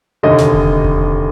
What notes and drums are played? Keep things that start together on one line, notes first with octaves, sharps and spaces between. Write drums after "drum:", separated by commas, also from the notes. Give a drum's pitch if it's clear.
F1 D#2 D3 D#5
drum: snare
drum: kick E1
drum: kick E1